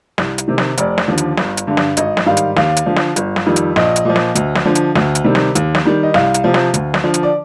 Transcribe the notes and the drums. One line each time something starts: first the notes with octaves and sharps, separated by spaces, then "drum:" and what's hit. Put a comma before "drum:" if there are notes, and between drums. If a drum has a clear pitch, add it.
C2, drum: snare
drum: hi-hat
C3 D#3
drum: snare
F1 D5, drum: hi-hat
drum: snare
D#2 D3 F3
drum: hi-hat
G1, drum: snare
drum: hi-hat
G2 D3
drum: snare
G#1 D#5, drum: hi-hat
drum: snare
G#2 D#3 G3 F5
drum: hi-hat
D#2 F5, drum: snare
drum: hi-hat
D3 F3
drum: snare
G1, drum: hi-hat
drum: snare
F2 D#3 G3
drum: hi-hat
A#1 D#5, drum: snare
drum: hi-hat
A#2 F3
drum: snare
D2, drum: hi-hat
drum: snare
D3 F3
drum: hi-hat
D2, drum: snare
drum: hi-hat
C3 D#3 G3
drum: snare
D#2, drum: hi-hat
drum: snare
D#3 G3
D#5
C2 F5, drum: snare
drum: hi-hat
C3 F3
drum: snare
D2, drum: hi-hat
drum: snare
D3 F3
drum: hi-hat
D5